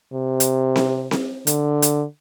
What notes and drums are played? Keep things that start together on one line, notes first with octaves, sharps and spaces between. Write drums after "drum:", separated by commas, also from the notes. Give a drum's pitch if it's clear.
C3
drum: hi-hat
drum: snare C4
drum: snare C4
D3, drum: hi-hat
drum: hi-hat